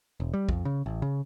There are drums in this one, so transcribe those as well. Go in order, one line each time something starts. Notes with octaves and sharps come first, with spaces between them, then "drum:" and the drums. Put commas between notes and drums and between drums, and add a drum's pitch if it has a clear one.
E1
G3
F2, drum: kick
C#3
A1
C#3